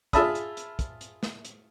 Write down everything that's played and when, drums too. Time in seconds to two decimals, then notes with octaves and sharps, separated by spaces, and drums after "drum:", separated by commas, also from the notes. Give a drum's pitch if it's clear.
0.13 F4 G#4 E5 A5 B5 D#6, drum: kick, hi-hat
0.35 drum: hi-hat
0.57 drum: hi-hat
0.79 drum: kick, hi-hat
1.01 drum: hi-hat
1.23 drum: snare
1.45 drum: hi-hat